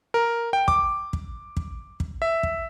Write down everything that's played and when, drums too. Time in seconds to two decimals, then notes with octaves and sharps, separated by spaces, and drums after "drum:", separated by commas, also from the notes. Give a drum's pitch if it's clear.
0.14 A#4
0.53 G5
0.68 D6, drum: kick
1.13 drum: kick
1.57 drum: kick
2.00 drum: kick
2.22 E5
2.43 drum: kick